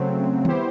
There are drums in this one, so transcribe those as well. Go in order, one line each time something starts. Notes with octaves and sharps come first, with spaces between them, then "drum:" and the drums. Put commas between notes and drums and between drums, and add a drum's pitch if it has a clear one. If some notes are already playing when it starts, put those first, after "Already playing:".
Already playing: C#3 F#3 A3 C4
G3 B3 E4 G4 C5, drum: tom D#3